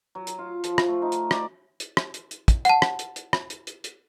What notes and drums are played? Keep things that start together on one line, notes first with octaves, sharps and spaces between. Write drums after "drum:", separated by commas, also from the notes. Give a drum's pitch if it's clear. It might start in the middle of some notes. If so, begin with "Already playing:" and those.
F#3
drum: hi-hat
F4
F3, drum: hi-hat
drum: rim click
A3
D#4
drum: hi-hat
D5, drum: rim click
drum: hi-hat
drum: rim click
drum: hi-hat
drum: hi-hat
drum: kick, hi-hat
F#5 A5, drum: hi-hat
drum: rim click
drum: hi-hat
drum: hi-hat
drum: rim click
drum: hi-hat
drum: hi-hat
drum: hi-hat